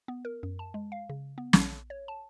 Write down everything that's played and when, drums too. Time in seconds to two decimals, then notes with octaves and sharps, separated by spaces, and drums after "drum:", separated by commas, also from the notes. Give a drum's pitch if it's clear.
0.08 B3
0.25 A#4
0.43 F#2
0.59 A5
0.74 G#3
0.92 F5
1.09 C#3
1.38 B3
1.53 A#1, drum: snare
1.90 C#5
2.08 A5